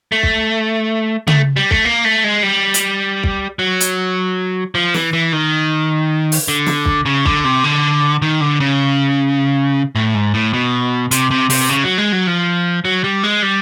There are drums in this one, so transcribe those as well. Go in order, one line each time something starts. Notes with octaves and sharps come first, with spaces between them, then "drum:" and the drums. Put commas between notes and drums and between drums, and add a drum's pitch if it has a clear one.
A3
drum: kick
A3, drum: tom C#3
G3
A3, drum: kick
A#3
A3
G#3
G3
drum: hi-hat
drum: kick
F#3
drum: hi-hat
F3
E3, drum: snare
E3
D#3
drum: open hi-hat
D3
drum: snare
drum: kick
C#3
D3, drum: kick
C3
D3
D#3
D3
C#3
A2
G#2
A2
B2
C3, drum: hi-hat
C3
C3, drum: open hi-hat
C#3
F#3
G#3
F#3
F3
F#3
G3
G#3
G3